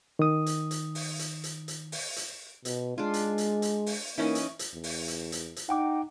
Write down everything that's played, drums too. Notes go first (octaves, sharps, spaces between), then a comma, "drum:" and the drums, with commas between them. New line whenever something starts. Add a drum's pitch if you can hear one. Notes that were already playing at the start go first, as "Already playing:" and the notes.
D#3 D#6
drum: hi-hat
drum: hi-hat
drum: open hi-hat
drum: hi-hat
drum: hi-hat
drum: hi-hat
drum: open hi-hat
drum: hi-hat
B2, drum: hi-hat
G#3 D4 F4
drum: hi-hat
drum: hi-hat
drum: hi-hat
drum: open hi-hat
E3 A#3 C#4 D#4
drum: hi-hat
drum: hi-hat
E2
drum: open hi-hat
drum: hi-hat
drum: hi-hat
drum: hi-hat
D#4 F#5 G5 D6